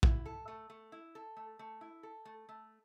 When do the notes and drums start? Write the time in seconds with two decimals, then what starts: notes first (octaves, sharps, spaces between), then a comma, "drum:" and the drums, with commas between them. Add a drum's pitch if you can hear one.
0.03 E4, drum: kick A#1
0.26 A4
0.48 A3
0.70 A3
0.92 E4
1.15 A4
1.37 A3
1.59 A3
1.81 E4
2.03 A4
2.25 A3
2.49 A3